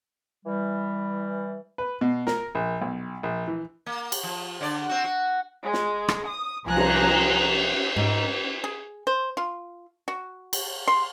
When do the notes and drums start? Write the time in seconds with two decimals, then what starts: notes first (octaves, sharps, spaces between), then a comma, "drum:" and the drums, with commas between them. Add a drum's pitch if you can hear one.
0.45 E3 G3
1.78 B4
2.01 B2
2.27 A#4, drum: snare
2.55 A#1
2.82 B1
3.23 A#1
3.48 E3
3.86 A#3
4.12 drum: cymbal
4.23 F3
4.61 D3 D5
4.89 C4 F#4
5.04 F#4
5.64 G#3
5.73 drum: snare
6.08 drum: rim click
6.28 D#6
6.65 C2 F3 G#5 A#5 F#6
6.76 drum: cymbal
7.97 G#2
8.64 G#4
9.07 C5
9.37 F4
10.08 F#4
10.53 drum: cymbal
10.88 C6